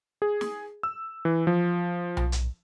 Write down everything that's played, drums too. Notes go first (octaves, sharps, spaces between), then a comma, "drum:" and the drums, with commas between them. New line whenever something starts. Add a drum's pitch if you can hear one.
G#4
drum: snare
E6
E3
F3
drum: tom B1
drum: hi-hat